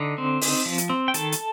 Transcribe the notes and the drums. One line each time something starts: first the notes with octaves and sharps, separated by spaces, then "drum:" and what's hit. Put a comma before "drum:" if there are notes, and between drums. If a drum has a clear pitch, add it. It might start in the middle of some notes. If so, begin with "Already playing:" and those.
Already playing: D3 D#4
C4
D#4, drum: open hi-hat
F3
drum: hi-hat
C4
G5
D#3 A4 A5, drum: hi-hat
drum: hi-hat